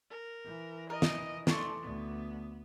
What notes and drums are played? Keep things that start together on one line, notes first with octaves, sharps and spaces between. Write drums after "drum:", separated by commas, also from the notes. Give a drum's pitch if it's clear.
A#4
E3
A#4 D#5
drum: snare
A3 D5 C6 C#6, drum: snare
D2 B3